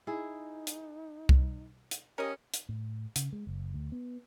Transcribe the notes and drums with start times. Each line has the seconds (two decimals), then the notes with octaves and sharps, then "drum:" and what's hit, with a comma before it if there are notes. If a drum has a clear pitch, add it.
0.07 D#4 E4 G#4
0.67 drum: hi-hat
1.29 drum: kick C2
1.91 drum: hi-hat
2.18 C#4 G4 A#4 D#5
2.54 drum: hi-hat
2.69 A2
3.16 C#3, drum: hi-hat
3.33 G#3
3.47 F#1
3.74 D2
3.92 B3